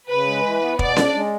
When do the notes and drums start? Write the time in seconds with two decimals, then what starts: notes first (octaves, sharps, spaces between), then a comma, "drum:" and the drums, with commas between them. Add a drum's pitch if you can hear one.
0.09 C#3 B4
0.27 G#3
0.44 E3
0.61 B3
0.79 B2 D5, drum: kick F1
0.96 D4, drum: snare C#4
1.14 G#3